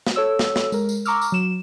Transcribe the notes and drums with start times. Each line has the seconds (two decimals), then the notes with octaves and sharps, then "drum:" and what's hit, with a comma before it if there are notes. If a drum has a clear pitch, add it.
0.07 drum: snare
0.16 A4 C#5 E6
0.39 drum: snare
0.56 drum: snare
0.72 G#3 A#4, drum: tambourine
0.89 drum: tambourine
1.05 A#5 C#6 D6 E6 F6, drum: tambourine
1.21 drum: tambourine
1.32 F#3 E7